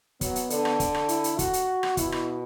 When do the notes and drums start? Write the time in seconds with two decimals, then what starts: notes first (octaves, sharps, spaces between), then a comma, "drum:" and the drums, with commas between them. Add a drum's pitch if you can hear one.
0.21 F#3 B3, drum: kick, hi-hat
0.36 drum: hi-hat
0.50 D3, drum: hi-hat
0.65 drum: rim click
0.80 drum: kick, hi-hat
0.94 drum: rim click
1.09 E4, drum: hi-hat
1.24 drum: hi-hat
1.39 F#4, drum: kick, hi-hat
1.53 drum: hi-hat
1.83 drum: rim click
1.97 B2 E4, drum: kick, hi-hat
2.12 drum: rim click